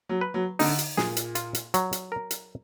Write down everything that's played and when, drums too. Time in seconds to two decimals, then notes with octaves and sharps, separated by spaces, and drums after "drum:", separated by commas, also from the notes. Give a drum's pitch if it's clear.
0.09 F#3
0.21 B4
0.34 F#3
0.59 D3 D#4, drum: open hi-hat
0.79 drum: hi-hat
0.97 A#2 G#4, drum: snare
1.17 drum: hi-hat
1.35 F4, drum: hi-hat
1.55 drum: hi-hat
1.74 F#3, drum: hi-hat
1.93 drum: hi-hat
2.12 A#4
2.31 drum: hi-hat